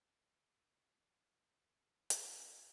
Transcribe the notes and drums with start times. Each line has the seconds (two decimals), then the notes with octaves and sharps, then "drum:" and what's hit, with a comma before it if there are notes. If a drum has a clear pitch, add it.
0.10 C4
0.87 A4
1.41 F#2
2.10 drum: hi-hat
2.31 F4